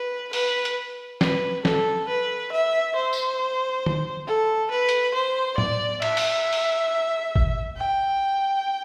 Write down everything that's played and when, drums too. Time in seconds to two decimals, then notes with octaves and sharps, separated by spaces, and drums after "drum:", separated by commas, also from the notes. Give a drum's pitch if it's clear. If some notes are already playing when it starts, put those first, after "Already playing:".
Already playing: B4
0.33 B4, drum: open hi-hat
0.65 drum: hi-hat
1.21 B4, drum: snare
1.65 A4, drum: snare
2.08 B4
2.52 E5
2.96 C5
3.13 drum: tambourine
3.86 drum: tom D3
4.27 A4
4.71 B4
4.89 drum: hi-hat
5.14 C5
5.58 D5, drum: tom A2
6.02 E5, drum: cymbal
6.17 drum: open hi-hat
6.53 drum: open hi-hat
7.36 drum: kick
7.77 G5